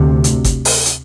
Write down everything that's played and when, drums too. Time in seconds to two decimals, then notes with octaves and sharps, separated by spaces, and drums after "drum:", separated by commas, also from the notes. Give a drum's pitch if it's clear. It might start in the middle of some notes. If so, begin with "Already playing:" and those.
Already playing: D2 C3
0.24 drum: hi-hat
0.44 drum: kick G1, hi-hat
0.65 drum: open hi-hat
0.86 drum: hi-hat